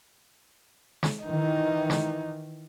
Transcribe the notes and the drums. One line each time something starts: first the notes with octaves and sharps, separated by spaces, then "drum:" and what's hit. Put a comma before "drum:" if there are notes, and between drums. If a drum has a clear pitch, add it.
drum: snare
D#3 E3 D#4
drum: snare